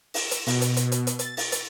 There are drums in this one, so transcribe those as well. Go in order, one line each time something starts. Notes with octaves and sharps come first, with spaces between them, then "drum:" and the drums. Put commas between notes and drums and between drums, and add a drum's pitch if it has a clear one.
E7, drum: open hi-hat
drum: hi-hat
B2, drum: open hi-hat
drum: hi-hat
drum: hi-hat
drum: hi-hat
drum: hi-hat
A6, drum: hi-hat
drum: open hi-hat
drum: hi-hat